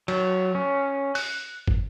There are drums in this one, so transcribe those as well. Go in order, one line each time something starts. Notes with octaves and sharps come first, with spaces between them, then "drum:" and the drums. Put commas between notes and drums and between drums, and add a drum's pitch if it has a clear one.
F#3, drum: cymbal
C#4
F#6, drum: open hi-hat
drum: kick